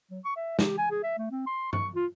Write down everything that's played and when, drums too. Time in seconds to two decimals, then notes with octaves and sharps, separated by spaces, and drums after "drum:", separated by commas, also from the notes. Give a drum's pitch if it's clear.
0.11 F#3
0.24 C#6
0.36 E5
0.59 G4, drum: snare
0.78 G#5
0.91 G#4
1.03 E5
1.18 A3
1.31 C4
1.47 C6
1.73 C#6, drum: tom G2
1.95 F4